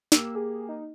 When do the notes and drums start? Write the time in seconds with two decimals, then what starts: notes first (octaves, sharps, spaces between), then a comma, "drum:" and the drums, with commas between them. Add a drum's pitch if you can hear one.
0.12 A#3 G4 E6, drum: snare
0.35 G#4
0.69 D#4